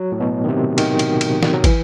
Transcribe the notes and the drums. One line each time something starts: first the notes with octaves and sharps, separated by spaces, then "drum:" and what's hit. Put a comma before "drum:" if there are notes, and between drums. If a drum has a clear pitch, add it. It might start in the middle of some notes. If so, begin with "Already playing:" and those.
Already playing: F#3
A2
B2
D#3
C3
D#3, drum: cymbal
drum: cymbal
drum: cymbal
drum: snare
F#3
E3, drum: kick, cymbal